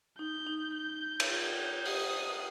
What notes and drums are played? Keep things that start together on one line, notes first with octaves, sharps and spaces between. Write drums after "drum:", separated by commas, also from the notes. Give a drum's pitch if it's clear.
D#4 G6
D#4
G6
drum: cymbal
F4 G6
G4 D#6, drum: open hi-hat